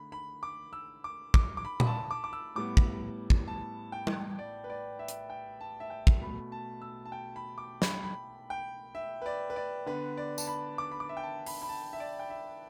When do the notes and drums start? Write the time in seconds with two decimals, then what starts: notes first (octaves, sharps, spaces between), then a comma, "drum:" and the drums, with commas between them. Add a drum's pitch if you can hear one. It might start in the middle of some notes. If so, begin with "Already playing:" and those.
Already playing: D3 A3 B5
0.12 B5
0.43 D6
0.73 E6
1.04 D6
1.34 D6, drum: kick
1.57 D6
1.65 B5
1.80 B5, drum: tom A#2
1.87 A5
2.11 D6
2.24 D6
2.33 E6
2.55 A2 G3 B3 D6
2.77 drum: kick
3.30 drum: kick
3.48 A5
3.92 G5
4.07 drum: tom G3
4.39 D5
4.64 B4
4.70 D5
4.99 E5
5.08 drum: hi-hat
5.30 G5
5.61 A5
5.80 E5
5.90 G5
6.07 drum: kick
6.22 B2 A3 B5
6.52 A5
6.82 E6
7.05 A5
7.12 G5
7.36 B5
7.58 D6
7.82 B5, drum: snare
8.03 B5
8.50 G5
8.95 E5
9.22 B4
9.26 D5
9.50 B4
9.56 D5
9.86 D3 B3 B4
10.17 D5
10.38 A5, drum: tambourine
10.47 B5
10.78 D6
10.92 B5
11.00 D6
11.09 E5
11.17 G5
11.23 A5
11.46 B5, drum: open hi-hat
11.62 B5
11.69 A5
11.93 E5
12.00 D5
12.19 G5
12.30 E5